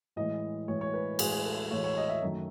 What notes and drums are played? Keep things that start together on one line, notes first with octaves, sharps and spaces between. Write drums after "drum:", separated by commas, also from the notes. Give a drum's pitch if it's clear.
A2 E3 G#3 D#5
A2 E3 G#3 C#5
C#5
B4
A2 E3 G#3 G#4, drum: cymbal
G#4
A4
A4
A2 E3 G#3 C#5
C#5
D#5
E5
F#2 D#3 F#3 A3